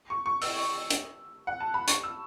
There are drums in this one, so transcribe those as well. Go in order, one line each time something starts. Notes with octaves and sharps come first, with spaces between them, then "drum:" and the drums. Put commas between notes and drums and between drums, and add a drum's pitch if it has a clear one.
C#6
C#6
E6, drum: open hi-hat
drum: hi-hat
F#5
A5
B5
C#6, drum: hi-hat
E6